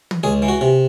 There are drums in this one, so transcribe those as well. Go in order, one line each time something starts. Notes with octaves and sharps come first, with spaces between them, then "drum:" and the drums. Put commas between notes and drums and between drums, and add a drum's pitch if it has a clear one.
drum: tom
C#2 G#4
E3
F#4
C3